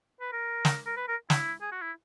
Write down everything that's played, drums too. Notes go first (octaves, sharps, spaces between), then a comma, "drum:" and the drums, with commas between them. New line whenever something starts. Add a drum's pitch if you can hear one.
B4
A#4
drum: snare
A#4
B4
A#4
E4, drum: snare
G#4
F#4
E4